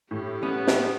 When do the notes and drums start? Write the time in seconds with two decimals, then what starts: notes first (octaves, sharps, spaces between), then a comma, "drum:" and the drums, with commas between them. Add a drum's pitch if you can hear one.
0.11 A2 G4
0.43 B3 C#4
0.67 drum: snare